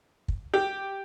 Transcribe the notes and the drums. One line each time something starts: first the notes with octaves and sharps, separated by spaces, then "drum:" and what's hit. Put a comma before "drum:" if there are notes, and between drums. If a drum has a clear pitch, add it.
drum: kick
G4